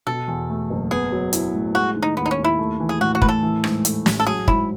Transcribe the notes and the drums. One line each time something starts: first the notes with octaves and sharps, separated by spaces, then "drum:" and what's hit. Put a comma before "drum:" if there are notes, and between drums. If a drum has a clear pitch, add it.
B2 A4
E2
A3
F#1
B3 G#4
F#3
E4, drum: hi-hat
A2
G#3 F#4
D#3
D#4
D#2 B3
D#4
C#4
D#2
E4
A3
E3
G#4
A2 F#4
F#4
A2 B4, drum: kick
A4
E3
G#2, drum: rim click
A3, drum: hi-hat
A1, drum: snare
A4
F#3 G#4
G#2 E4, drum: kick